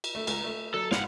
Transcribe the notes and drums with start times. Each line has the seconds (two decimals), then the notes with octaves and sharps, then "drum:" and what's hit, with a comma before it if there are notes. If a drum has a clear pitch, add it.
0.04 drum: cymbal
0.15 A3
0.27 C#2 A#5, drum: cymbal
0.44 A3
0.74 F#3 A4
0.91 G#1 F5 F#5, drum: snare